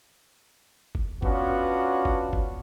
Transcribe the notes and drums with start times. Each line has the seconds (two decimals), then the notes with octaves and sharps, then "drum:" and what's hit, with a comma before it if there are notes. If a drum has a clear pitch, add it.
0.95 drum: kick F#1
1.22 B3 C#4 D4 F4 F#4, drum: kick F#1
2.05 drum: kick F#1
2.33 drum: kick F#1